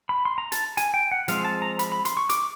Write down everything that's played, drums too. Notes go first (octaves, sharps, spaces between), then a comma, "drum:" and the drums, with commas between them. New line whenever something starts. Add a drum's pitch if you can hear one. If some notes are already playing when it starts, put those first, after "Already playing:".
B5
C6
A#5
A5, drum: hi-hat
G#5, drum: hi-hat
G5
F#5
F3 G#3 C4 F5, drum: hi-hat
A5
A#5
B5, drum: hi-hat
B5
C6, drum: hi-hat
C#6
D6, drum: hi-hat